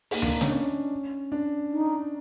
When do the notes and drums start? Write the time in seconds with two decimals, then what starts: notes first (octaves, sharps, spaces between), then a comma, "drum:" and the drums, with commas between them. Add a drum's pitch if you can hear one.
0.11 A#3 D#4, drum: open hi-hat
0.22 D4, drum: tom D2
0.32 D4
0.41 C#4, drum: snare
0.48 D4
0.52 C#4
1.32 D4
1.71 D#4